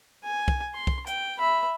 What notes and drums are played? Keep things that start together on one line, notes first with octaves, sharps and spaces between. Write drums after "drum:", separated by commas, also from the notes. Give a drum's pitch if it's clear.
G#5
drum: kick
C6
drum: kick
G5, drum: hi-hat
E5 B5